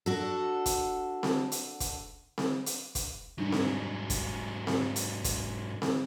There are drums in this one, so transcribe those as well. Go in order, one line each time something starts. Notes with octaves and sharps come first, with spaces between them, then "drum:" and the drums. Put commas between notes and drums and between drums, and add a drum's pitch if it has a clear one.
D4 F#4 A4
drum: kick, hi-hat
drum: snare C4
drum: hi-hat
drum: kick, hi-hat
drum: snare C4
drum: hi-hat
drum: kick, hi-hat
G#2 F#3 G3 D4 D#4
drum: snare C4
drum: kick, hi-hat
drum: snare C4
drum: hi-hat
drum: kick, hi-hat
drum: snare C4